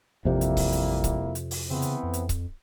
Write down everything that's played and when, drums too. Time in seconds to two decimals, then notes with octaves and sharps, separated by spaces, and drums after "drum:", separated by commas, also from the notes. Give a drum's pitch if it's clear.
0.25 A1 F2 C3 G3 A#3 E4
0.41 drum: hi-hat
0.57 drum: kick C#1, open hi-hat
0.72 drum: hi-hat
1.04 drum: kick C#1, hi-hat
1.35 drum: hi-hat
1.51 drum: open hi-hat
1.71 C#3 E3 B3 C4
1.82 drum: hi-hat
2.03 F2
2.13 drum: hi-hat
2.29 drum: kick C#1, hi-hat